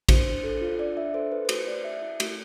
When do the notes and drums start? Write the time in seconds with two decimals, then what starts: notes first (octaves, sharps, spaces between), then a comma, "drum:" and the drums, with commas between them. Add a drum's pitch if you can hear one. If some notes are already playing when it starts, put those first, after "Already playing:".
0.09 D4 C5, drum: kick, cymbal
0.26 D4
0.44 A4
0.61 F4
0.79 D4 D5
0.97 D4 E5
1.14 A4 C5
1.32 F4 B4
1.45 B4
1.49 A3 C5, drum: cymbal
1.67 A3 D5
1.84 G#4 E5
2.02 E4
2.20 A3, drum: cymbal